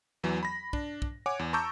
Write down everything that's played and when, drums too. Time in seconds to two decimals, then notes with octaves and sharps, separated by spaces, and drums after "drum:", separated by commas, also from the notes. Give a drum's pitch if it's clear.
0.23 E2 E3 F#3
0.43 B5 A#6
0.73 D4, drum: kick
1.02 drum: kick
1.26 C#5 F#5 G#5 D6
1.39 E2
1.53 A5 A#5 C#6 D6 E6 G6